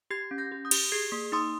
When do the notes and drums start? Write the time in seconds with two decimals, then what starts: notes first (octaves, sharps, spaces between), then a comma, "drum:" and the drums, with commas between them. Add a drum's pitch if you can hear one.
0.10 G4 G#6 C7
0.31 C#4
0.38 G6 A#6
0.52 G4
0.65 D#6 G6
0.71 G4, drum: cymbal
0.92 G#4 G#6 C7
1.12 A#3
1.32 D#4 C6 D#6